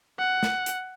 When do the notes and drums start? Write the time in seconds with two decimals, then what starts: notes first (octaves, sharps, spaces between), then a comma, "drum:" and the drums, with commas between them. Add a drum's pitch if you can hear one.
0.19 F#5
0.43 drum: snare
0.66 drum: hi-hat